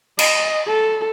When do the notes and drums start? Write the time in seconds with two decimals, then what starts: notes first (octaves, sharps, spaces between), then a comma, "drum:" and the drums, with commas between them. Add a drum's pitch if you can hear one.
0.19 D#5, drum: cymbal
0.67 A4